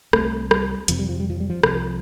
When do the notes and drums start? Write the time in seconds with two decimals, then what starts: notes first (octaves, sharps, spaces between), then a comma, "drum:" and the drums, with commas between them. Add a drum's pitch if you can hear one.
0.13 C2 C3 A3, drum: rim click
0.51 G3, drum: rim click
0.88 F2 C3 F3, drum: hi-hat
0.99 G3
1.09 F3
1.20 G3
1.30 F3
1.40 G3
1.50 F3
1.63 C2 C3 F3, drum: rim click